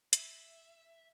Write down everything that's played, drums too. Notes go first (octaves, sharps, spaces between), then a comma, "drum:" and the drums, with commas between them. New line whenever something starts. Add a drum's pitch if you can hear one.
E5, drum: hi-hat